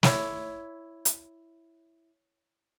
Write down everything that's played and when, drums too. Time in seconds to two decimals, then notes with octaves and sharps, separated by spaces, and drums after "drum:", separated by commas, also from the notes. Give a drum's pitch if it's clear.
0.03 E4 C#5, drum: snare
1.05 drum: hi-hat